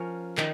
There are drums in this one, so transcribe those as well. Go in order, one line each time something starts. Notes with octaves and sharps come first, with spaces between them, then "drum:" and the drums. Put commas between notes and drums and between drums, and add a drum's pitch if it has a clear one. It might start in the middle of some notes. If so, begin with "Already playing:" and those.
Already playing: F3 C#4 A#4 C#5
D#3, drum: clap